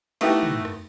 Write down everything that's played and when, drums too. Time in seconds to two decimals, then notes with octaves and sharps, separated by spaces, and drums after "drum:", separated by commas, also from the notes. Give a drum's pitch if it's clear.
0.21 A3 B3 D#4 E4 F#4 G4, drum: cymbal
0.43 drum: tom
0.65 drum: rim click